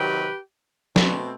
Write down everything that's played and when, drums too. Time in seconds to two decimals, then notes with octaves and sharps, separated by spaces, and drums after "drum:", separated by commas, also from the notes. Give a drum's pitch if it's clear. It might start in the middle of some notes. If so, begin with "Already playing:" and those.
Already playing: C3 D#3 F#3 G4 B4
0.96 B2 A3 C4, drum: snare